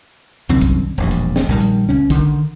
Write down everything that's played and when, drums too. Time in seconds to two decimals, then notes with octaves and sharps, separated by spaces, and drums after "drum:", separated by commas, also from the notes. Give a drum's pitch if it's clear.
0.49 C2 F#2 D#3 C4
0.62 drum: kick, hi-hat
0.98 E1 A#1 G2
1.11 drum: hi-hat
1.36 drum: snare
1.49 A#1 D#3 G3
1.61 drum: hi-hat
1.89 C#2 C#4
2.10 D3 D#3, drum: kick, hi-hat